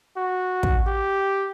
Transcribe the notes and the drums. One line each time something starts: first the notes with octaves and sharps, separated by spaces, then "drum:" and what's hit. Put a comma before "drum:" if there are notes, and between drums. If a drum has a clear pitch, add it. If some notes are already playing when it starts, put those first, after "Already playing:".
F#4
drum: kick
G4